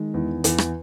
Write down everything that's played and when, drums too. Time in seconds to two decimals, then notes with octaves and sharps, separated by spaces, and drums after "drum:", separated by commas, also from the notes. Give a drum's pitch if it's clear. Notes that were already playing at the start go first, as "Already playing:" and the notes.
Already playing: D#3 G#3
0.14 E2
0.44 E2, drum: hi-hat
0.58 drum: rim click